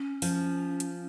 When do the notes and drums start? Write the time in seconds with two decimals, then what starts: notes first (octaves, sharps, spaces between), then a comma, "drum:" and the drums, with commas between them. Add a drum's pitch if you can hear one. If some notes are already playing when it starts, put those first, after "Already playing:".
Already playing: C#4
0.22 F3, drum: open hi-hat
0.80 drum: hi-hat